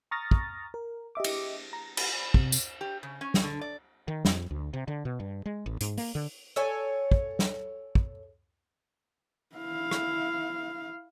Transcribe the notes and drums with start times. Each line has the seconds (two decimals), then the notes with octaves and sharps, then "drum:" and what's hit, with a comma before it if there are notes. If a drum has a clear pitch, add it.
0.11 A#5 C#6 D#6 F6 A6 A#6
0.31 drum: kick
0.74 A#4
1.15 G4 D#5 E5 D6
1.24 drum: cymbal
1.73 A#5
1.97 B5, drum: cymbal
2.34 C3, drum: kick
2.52 drum: tambourine
2.81 G4
3.03 C#3
3.21 C#4
3.34 drum: snare
3.43 D3
3.61 D5
4.08 D#3
4.25 F2, drum: snare
4.51 D2
4.73 C3
4.88 D3
5.05 B2
5.20 G2
5.46 G#3
5.66 A1
5.81 G#2, drum: hi-hat
5.98 A#3, drum: open hi-hat
6.15 D3
6.56 A4 C#5 G#5
7.11 drum: kick
7.39 drum: snare
7.95 drum: kick
9.56 E4 F5
9.91 drum: rim click